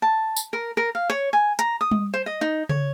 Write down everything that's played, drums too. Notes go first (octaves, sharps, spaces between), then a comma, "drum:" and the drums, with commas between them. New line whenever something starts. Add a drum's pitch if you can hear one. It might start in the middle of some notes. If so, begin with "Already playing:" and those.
A5
drum: tambourine
A#4
A#4
F5
C#5
G#5
A#5, drum: hi-hat
D#6
drum: tom G3
C5
D#5
D#4
C#5, drum: tom C#3